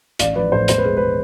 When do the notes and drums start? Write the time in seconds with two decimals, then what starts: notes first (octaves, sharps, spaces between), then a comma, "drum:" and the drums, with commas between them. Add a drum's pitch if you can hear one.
0.19 A1 D5 F5, drum: hi-hat
0.35 F3 B4 D5
0.52 A2 C5
0.68 E1 C5, drum: hi-hat
0.78 B4
0.85 G#3
0.97 G#3 B4